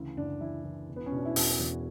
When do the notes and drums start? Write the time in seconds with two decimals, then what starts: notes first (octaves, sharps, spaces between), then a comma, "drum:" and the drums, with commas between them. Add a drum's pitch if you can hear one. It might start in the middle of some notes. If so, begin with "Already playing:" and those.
Already playing: D2 C#3 E3
0.17 F#1 D4
0.41 E3 E4
0.64 E3
0.89 E1
0.96 B3
1.06 C#4
1.12 B2 D4
1.25 E4
1.36 E1 F#4, drum: open hi-hat
1.60 E2